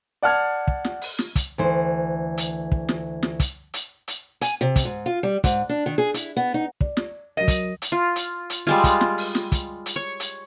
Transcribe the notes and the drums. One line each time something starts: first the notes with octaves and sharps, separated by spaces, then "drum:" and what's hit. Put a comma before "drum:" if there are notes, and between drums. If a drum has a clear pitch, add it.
D5 F#5 A5 F6 G#6
drum: kick
drum: snare
drum: open hi-hat
drum: snare
drum: kick, hi-hat
D2 E3 C5
drum: hi-hat
drum: kick
drum: snare
drum: snare
drum: kick, hi-hat
drum: hi-hat
drum: hi-hat
G#5, drum: hi-hat
C3
drum: kick, hi-hat
G#2
F4
G3
G#2, drum: kick, hi-hat
D4
D#3
G#4
E4, drum: hi-hat
B3
D#4
D5, drum: kick
drum: snare
F#3 A#4 D#5
drum: kick, hi-hat
drum: hi-hat
F4
drum: hi-hat
drum: hi-hat
G3 G#3 F4
drum: kick, hi-hat
drum: snare
drum: open hi-hat
drum: snare
drum: kick, hi-hat
drum: hi-hat
C#5
drum: hi-hat